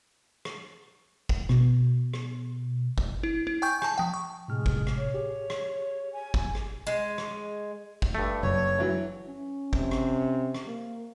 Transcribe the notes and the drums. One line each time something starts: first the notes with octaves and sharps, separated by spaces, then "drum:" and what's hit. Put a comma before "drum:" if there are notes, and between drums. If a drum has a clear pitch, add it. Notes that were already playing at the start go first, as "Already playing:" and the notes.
drum: rim click
drum: kick
B2, drum: rim click
drum: rim click
drum: kick
E4
E4
G5 G#5 C#6 G6
G#5 A5, drum: rim click
F3 G5
C#6
A2 C3 G#3 F6
drum: kick
drum: rim click
C#5
G4 G#4
drum: rim click
G#5
drum: kick
drum: rim click
G#3
drum: rim click
drum: kick
G2 A3
F#1 C#5
E3 F#3 E4
C#4
C3, drum: kick
drum: rim click
drum: rim click
A#3